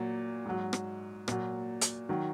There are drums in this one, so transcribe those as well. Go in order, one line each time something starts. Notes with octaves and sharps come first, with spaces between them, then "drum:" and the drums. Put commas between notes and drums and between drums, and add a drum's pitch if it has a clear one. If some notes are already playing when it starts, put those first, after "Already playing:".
Already playing: A#2 F#3
G#2 F#3
drum: rim click
A#2 F#3, drum: rim click
drum: hi-hat
D#3 F#3